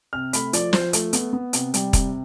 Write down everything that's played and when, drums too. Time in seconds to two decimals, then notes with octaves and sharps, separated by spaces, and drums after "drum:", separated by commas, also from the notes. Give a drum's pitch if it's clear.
0.13 C3 F6
0.33 A3 B5, drum: hi-hat
0.53 F3 D5, drum: hi-hat
0.73 F3 C5, drum: snare
0.93 A3, drum: hi-hat
1.13 B3, drum: hi-hat
1.33 B3
1.53 C3, drum: hi-hat
1.74 G3, drum: hi-hat
1.93 C3, drum: kick E1, hi-hat